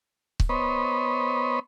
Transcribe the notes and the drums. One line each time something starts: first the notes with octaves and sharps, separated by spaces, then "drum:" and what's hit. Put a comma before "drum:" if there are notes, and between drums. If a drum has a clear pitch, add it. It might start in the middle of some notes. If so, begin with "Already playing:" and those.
drum: kick C#1
B3 C5 C#5 D#5 B5